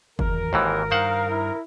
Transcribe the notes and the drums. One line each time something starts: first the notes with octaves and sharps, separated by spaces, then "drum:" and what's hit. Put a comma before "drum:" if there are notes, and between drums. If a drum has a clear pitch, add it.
G#1 E2 G#2 A#4, drum: kick
G#1 D#2 G#2 E3
G2 D#3 C5 F5 F#5
E4